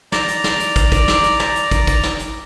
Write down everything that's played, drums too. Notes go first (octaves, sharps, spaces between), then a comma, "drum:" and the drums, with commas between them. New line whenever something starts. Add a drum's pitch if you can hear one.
D5 A#5, drum: snare
drum: hi-hat
drum: snare
drum: hi-hat
drum: kick, hi-hat
drum: kick, hi-hat
drum: snare
drum: hi-hat
drum: snare
drum: hi-hat
drum: kick, hi-hat
drum: kick, hi-hat
drum: snare
drum: hi-hat